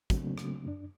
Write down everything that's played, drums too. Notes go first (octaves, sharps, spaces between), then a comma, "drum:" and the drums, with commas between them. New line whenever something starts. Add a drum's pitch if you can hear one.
C#3 F#3 A3 A#3 C4 D4, drum: kick, hi-hat
drum: rim click
F#2 D4